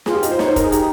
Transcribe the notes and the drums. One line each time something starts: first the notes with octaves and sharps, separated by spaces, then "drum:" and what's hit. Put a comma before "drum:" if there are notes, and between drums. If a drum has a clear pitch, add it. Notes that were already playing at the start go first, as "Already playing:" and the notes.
F4 G#4, drum: snare
G4
D#4, drum: hi-hat
C5
D#4 C#5, drum: snare
C5
A#4, drum: kick, hi-hat
G#4
G4, drum: hi-hat